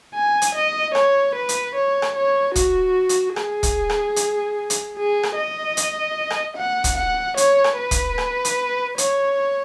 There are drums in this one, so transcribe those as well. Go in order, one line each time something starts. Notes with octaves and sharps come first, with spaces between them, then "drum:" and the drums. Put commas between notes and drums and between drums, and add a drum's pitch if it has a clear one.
G#5
drum: hi-hat
D#5
C#5, drum: rim click
B4
drum: hi-hat
C#5
drum: rim click
C#5
F#4, drum: kick, hi-hat
drum: hi-hat
G#4, drum: rim click
drum: kick, hi-hat
drum: rim click
drum: hi-hat
drum: hi-hat
G#4
drum: rim click
D#5
drum: hi-hat
drum: rim click
F#5
drum: kick, hi-hat
F#5
C#5, drum: hi-hat
drum: rim click
B4
drum: kick, hi-hat
drum: rim click
drum: hi-hat
C#5, drum: hi-hat